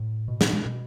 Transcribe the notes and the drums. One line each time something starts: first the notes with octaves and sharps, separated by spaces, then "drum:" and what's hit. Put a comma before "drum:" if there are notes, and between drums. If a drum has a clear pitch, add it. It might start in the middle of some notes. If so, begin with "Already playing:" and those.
Already playing: A2
B2
drum: snare
G#3
B2